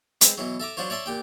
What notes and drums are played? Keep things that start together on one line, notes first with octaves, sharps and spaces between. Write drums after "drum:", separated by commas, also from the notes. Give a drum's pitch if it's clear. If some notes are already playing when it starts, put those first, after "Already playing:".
G#3 C4 B4, drum: hi-hat
B2 E3 F#3
A4 E5 A#5 D6
F#3 D4 F4 C5 C#5
C#5 D5 E5 A5 C6
A#2 G4 G5